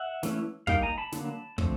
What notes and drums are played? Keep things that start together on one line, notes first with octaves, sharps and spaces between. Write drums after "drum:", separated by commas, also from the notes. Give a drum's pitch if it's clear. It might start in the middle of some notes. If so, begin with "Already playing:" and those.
Already playing: E5 F#5
E3 A3 C#4 E4, drum: snare
G3 A#3 D#4 F5 G5, drum: kick
G#5 A#5
A5 B5
D3 F#3 A#3 D4, drum: snare
D3 F3 A3 C4, drum: kick